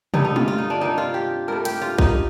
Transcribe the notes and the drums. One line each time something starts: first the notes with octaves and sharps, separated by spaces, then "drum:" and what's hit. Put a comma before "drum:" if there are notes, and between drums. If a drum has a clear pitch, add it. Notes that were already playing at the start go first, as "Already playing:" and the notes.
G2 D3 A3 D#4, drum: tom
D#4
F4, drum: tom
F4
D#4
D4
C3 D#3 A#3 D4 D#4
F4
G4
G2 D#3 A3 A#4
G4, drum: hi-hat
F4
D#4, drum: kick